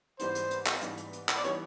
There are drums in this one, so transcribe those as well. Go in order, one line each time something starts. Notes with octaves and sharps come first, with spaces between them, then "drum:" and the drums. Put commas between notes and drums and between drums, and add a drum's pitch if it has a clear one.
G#2 E3 G3 B3 D#4 C5, drum: hi-hat
drum: hi-hat
drum: hi-hat
drum: clap
G#2 E3 G3 B3 D#4, drum: hi-hat
drum: hi-hat
drum: hi-hat
drum: clap
D5
E3 G3 B3 D#4 C#5, drum: hi-hat